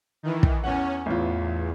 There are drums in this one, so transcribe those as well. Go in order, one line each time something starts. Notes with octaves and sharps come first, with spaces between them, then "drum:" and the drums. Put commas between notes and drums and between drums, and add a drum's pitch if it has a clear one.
D#3 E3
drum: kick
E2 C#4 F#5
A1 E2 F4